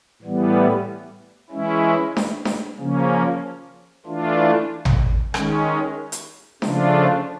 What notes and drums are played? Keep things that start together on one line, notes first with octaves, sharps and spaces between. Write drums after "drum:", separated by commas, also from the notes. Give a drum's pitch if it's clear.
A2 E3 G3 B3
E3 G#3 C#4 E4
drum: snare D4
drum: snare D4
C#3 F3 A#3 C#4
E3 A3 D4 F4
drum: tom
D#3 G#3 C#4, drum: rim click
drum: hi-hat
C#3 F3 A3 D4 F4, drum: snare D4